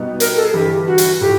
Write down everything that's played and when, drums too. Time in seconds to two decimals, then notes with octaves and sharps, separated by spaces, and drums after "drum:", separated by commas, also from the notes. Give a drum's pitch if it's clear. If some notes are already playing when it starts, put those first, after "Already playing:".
Already playing: B2 G3 B3 D#4
0.20 A#4, drum: hi-hat
0.36 A4
0.45 G#4
0.53 G1 G2 E3 G4
0.87 F#4
0.98 drum: hi-hat
1.21 A2 F3 A3 G4